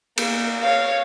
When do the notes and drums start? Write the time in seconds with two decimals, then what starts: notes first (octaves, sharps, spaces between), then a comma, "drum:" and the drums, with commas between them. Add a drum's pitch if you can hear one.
0.18 A#3, drum: cymbal
0.62 C#5 F5